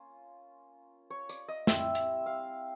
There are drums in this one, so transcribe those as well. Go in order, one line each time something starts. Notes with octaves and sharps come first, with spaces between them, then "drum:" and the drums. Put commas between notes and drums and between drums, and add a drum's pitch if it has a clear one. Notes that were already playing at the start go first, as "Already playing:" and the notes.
Already playing: A#3 C#4 F4
C#5
D5, drum: tambourine
D#5
G3 C4 E4 E5, drum: snare
drum: hi-hat
F5